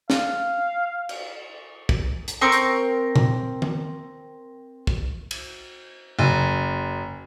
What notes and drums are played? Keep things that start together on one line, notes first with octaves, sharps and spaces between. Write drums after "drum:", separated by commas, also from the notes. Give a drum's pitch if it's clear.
F5, drum: snare
drum: cymbal
drum: kick
drum: hi-hat
C4 A#4 G5 C#6
drum: hi-hat
drum: tom A#2
drum: tom D#3
drum: kick
drum: cymbal
F#1